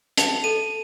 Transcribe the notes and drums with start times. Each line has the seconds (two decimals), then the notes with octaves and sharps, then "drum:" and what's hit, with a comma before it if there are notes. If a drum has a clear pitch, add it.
0.17 A5 F7, drum: hi-hat
0.44 A4 D#7